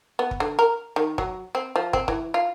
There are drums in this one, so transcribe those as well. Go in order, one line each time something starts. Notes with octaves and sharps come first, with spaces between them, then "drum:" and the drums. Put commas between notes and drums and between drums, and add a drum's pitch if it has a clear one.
B3
drum: kick
D3
A#4
D#3
F#3, drum: kick
C4
F3
C4, drum: kick
E3, drum: kick
F4